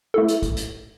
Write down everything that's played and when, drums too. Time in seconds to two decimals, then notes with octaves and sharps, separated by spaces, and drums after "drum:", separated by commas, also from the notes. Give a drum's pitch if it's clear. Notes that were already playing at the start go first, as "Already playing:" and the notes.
0.14 A3 E4 A4
0.28 drum: hi-hat
0.42 drum: kick, hi-hat
0.57 drum: hi-hat